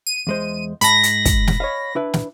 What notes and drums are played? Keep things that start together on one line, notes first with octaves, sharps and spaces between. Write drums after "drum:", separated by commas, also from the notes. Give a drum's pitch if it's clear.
D#7
E2 G#3 C5
G#2 A5 B5 A#6, drum: hi-hat
drum: hi-hat
drum: kick, hi-hat
drum: snare
C#5 D#5 F5
D4 E4 B4
drum: snare